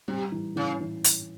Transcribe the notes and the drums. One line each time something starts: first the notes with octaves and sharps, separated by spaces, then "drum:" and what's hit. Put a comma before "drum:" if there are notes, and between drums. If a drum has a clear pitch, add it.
C3 G3
E3
C#3 E3
E3
drum: hi-hat